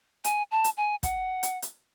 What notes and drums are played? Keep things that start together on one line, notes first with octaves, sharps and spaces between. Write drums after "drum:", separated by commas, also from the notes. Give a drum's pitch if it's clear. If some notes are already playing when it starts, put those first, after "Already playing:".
G#5, drum: hi-hat
A5
drum: hi-hat
G#5
F#5, drum: kick, hi-hat
drum: hi-hat
drum: hi-hat